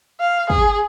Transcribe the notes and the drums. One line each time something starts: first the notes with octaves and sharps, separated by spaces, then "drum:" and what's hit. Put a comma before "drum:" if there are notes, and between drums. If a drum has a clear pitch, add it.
F5
G#4, drum: kick